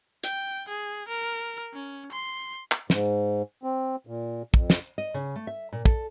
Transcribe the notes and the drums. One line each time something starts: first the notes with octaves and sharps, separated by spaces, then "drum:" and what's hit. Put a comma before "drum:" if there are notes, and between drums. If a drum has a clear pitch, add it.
G5, drum: hi-hat
G#4
A#4
C#4
C6
drum: clap
G#2, drum: snare
C4
A#2
F2, drum: kick
drum: snare
D#5
C#3
A3
E5
A#2
A4, drum: kick